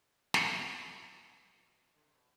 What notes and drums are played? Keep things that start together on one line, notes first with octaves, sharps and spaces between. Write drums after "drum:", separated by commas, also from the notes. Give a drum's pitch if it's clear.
drum: snare
B2
D3
C3
B2